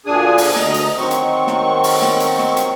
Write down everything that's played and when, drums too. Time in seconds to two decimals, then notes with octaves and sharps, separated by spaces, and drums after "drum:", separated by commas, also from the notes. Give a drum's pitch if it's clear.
0.06 D2 A#2 D4 G#4 G#5 D#6
0.38 drum: open hi-hat
0.56 D2 D#5 A#5, drum: snare
0.74 drum: hi-hat
0.97 D#3 F#3 C4 C#6
1.11 drum: hi-hat
1.47 drum: snare
1.84 drum: open hi-hat
2.02 drum: snare
2.20 drum: hi-hat
2.38 drum: snare
2.57 drum: hi-hat